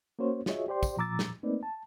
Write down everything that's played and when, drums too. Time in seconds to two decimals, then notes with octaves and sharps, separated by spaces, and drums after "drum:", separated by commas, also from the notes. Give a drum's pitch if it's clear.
0.19 A#3 C#4 F#4 C5 C#5
0.46 F4 F#4 G#4 C#5 D#5 E5, drum: snare
0.68 G4 C5 D5 G5 C6
0.83 drum: kick, tambourine
0.97 A#2 F3 A#5 D6 E6 A6
1.19 drum: snare
1.43 A3 A#3 C4 D#4 B4 D5
1.63 A5